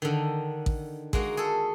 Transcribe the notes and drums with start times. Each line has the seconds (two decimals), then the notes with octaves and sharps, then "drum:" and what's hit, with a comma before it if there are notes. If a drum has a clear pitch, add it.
0.02 D3 D#3
0.66 drum: kick A1
1.13 G#3 A#3 F#4, drum: kick A1
1.37 G#4 A4